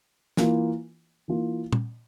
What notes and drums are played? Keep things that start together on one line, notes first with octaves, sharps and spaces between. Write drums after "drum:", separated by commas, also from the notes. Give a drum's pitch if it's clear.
E3 A#3 F4, drum: snare
E3 A#3 F4
drum: tom A#2